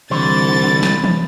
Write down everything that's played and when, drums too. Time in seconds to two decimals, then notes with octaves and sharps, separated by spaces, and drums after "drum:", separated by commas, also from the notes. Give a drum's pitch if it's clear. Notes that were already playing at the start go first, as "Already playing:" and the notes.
0.11 C2 D3 E3 C5 A6
0.83 drum: snare
1.04 drum: tom